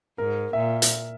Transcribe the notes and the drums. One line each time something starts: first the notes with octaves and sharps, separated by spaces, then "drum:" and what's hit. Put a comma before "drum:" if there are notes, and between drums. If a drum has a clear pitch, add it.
G#2 A#4
A#2 E5
drum: hi-hat